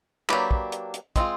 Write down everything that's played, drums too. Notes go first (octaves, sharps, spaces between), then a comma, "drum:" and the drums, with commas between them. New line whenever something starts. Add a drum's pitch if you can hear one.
F#3 A#3 D4 G4 B4, drum: clap
drum: kick
drum: hi-hat
drum: hi-hat
G#3 C4 F4, drum: kick, hi-hat